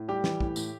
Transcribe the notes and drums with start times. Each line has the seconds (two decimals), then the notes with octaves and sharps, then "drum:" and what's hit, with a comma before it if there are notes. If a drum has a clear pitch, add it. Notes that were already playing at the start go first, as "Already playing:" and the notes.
Already playing: A2
0.08 G3 G4
0.24 E3, drum: snare
0.40 A2, drum: kick
0.56 A2, drum: tambourine